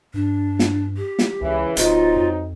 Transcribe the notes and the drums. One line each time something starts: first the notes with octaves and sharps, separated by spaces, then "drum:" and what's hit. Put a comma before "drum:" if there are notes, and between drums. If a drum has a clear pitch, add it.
G2 D4
drum: snare
G4
drum: snare
C#2 C#3 E3
D1 F#3 C4 D#4 F4, drum: hi-hat
F2